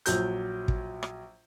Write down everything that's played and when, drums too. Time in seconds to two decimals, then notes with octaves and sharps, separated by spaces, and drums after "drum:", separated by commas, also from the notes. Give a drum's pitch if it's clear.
0.06 A#1 F#3 G6, drum: hi-hat
0.68 drum: kick
1.03 drum: rim click